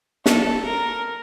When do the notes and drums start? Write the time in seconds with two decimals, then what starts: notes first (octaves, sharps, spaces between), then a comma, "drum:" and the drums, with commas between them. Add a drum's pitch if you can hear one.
0.26 A4, drum: snare
0.65 A#4